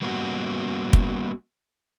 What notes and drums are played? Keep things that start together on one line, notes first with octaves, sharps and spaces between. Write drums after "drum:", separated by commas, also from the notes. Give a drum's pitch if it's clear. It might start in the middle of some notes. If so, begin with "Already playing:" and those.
G3 A#3 B3 C#4 D4 F#4
drum: kick